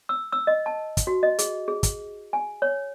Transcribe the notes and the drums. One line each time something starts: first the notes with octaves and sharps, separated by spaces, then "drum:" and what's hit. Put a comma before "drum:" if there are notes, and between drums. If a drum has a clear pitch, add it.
E6
E6
D#5
A5
drum: kick, hi-hat
F#4
D#5
G#4, drum: hi-hat
G#4
drum: kick, hi-hat
G#5
C#5